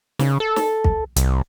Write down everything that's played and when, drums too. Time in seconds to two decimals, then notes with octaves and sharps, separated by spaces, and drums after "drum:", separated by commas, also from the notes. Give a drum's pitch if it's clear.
0.19 C#3, drum: snare
0.40 A4
0.56 drum: snare
0.84 drum: kick
1.16 C2, drum: hi-hat